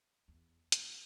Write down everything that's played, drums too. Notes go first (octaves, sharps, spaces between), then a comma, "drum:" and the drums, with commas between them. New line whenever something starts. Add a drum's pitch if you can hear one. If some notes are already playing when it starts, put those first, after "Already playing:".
E2
E2, drum: hi-hat